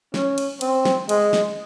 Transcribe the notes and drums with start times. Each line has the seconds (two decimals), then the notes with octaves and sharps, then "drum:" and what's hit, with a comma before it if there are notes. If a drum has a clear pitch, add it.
0.14 C#4, drum: snare
0.38 drum: cymbal
0.61 C4, drum: cymbal
0.85 drum: snare
1.09 G#3, drum: cymbal
1.33 drum: snare